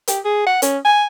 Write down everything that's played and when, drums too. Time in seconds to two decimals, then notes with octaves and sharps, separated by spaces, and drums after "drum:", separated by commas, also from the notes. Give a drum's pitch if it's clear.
0.08 G4, drum: hi-hat
0.24 G#4
0.46 F#5
0.62 C#4, drum: hi-hat
0.84 G#5